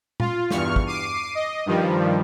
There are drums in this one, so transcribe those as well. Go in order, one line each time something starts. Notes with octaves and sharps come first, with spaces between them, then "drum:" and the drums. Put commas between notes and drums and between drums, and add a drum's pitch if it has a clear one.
F4, drum: tom A#2
E2 G2 C#6 F6, drum: snare
drum: kick
D6 C7 D#7
D#5
G2 D#3 F3 G3